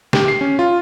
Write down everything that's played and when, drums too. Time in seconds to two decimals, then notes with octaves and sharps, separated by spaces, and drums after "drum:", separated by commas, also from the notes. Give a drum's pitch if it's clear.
0.13 G4, drum: snare
0.28 C7
0.41 C#4
0.59 F4